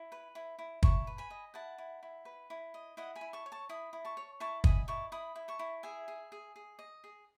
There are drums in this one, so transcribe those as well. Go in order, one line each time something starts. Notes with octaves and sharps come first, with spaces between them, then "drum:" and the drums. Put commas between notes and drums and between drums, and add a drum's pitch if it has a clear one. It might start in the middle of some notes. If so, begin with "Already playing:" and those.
Already playing: E4
B4
E4
E4
E4 A5 C#6, drum: kick
B4
G#5 B5
D#5
E4 F#5 A5
E4
E4
B4
E4
D#5
E4 D#5 F#5
G#5 B5
E4
A5 C#6
C#5
A5 C#6
E4 B5 D#6
E4
A5 C#6
C#5
E4 A5 C#6
D#5 G#5 B5, drum: kick
E4 A5 C#6
E4 B5 D#6
E4
A5 C#6
E4
G#4 E5 G#5
G#4
G#4
G#4
D#5
G#4